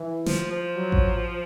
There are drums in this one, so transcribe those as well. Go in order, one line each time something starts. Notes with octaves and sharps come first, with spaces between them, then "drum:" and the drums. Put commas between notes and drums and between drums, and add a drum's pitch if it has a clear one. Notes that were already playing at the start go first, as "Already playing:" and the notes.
Already playing: E3
F3, drum: snare
F3
F#3
drum: kick A1